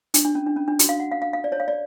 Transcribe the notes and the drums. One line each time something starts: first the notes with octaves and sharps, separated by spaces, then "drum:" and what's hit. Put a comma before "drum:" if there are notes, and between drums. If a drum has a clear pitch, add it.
D4, drum: hi-hat
D4
C#4
D4
C#4
D4
F#4, drum: hi-hat
F5
F#5
F5
F5
F5
D5
C#5
F5
D5